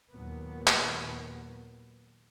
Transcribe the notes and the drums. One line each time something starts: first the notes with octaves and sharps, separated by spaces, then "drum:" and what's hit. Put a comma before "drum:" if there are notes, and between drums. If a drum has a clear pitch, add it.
D#2 A#2 F#3 B3
drum: clap